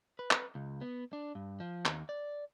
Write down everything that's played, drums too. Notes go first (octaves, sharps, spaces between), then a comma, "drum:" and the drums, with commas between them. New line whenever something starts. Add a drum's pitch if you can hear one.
B4
drum: clap
C#2
B3
D4
G2
F3
D#2, drum: clap
D5